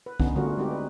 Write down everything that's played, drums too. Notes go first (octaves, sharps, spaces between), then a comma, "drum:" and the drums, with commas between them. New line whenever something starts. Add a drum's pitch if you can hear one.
B4
D3 B3 C#4 D#4, drum: kick C2
D3 G3 A3 F4 F#4 A#4
G3 G#3 C4 D#4 F#4 G4
B4